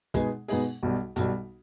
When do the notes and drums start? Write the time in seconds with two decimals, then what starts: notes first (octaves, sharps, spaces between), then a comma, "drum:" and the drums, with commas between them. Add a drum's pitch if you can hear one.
0.14 B2 G#3 B3 D#4 G#4, drum: kick, hi-hat
0.48 B2 G#3 B3 D#4 G#4, drum: open hi-hat
0.83 B1 B2 G3
1.16 B1 B2 G3, drum: hi-hat